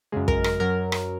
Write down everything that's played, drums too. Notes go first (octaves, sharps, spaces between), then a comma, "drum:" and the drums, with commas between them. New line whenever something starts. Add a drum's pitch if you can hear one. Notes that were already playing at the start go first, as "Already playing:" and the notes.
F#2 C#3 G#3
A#4, drum: kick
A#4, drum: rim click
F#2 F#3 A#4
drum: rim click